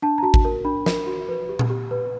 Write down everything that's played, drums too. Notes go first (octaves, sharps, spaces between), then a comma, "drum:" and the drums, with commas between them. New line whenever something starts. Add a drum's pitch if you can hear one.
D4 A5
A#5
F#4 A5
drum: kick G#1
A#4
D4 B5
A#4, drum: snare
F#4
B4
G4
drum: tom A#2
G4
B4